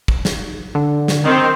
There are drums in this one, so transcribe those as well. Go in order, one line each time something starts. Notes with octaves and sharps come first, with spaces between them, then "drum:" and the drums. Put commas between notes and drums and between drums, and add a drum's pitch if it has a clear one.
drum: kick
drum: snare
D3
drum: snare
D#3 C4